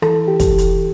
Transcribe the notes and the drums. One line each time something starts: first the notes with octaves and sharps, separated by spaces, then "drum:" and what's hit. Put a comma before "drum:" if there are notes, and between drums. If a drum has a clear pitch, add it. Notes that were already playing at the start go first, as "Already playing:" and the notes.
E3 A4, drum: rim click
G4
drum: kick, hi-hat
drum: hi-hat